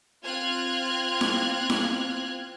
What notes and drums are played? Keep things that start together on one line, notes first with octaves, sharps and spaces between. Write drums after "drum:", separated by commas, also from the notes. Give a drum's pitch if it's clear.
C4 F4 F6 F#6 G#6
drum: snare E4
drum: snare E4